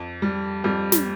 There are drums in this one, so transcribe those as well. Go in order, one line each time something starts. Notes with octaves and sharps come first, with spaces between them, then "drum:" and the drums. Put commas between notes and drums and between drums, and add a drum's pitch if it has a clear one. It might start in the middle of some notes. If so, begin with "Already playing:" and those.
Already playing: F2
G3
F2 G3
drum: snare